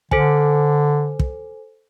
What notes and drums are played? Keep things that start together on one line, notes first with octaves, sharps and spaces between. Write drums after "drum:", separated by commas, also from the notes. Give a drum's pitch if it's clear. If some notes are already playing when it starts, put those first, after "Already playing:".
D3 A4 C5 G#5, drum: kick
drum: kick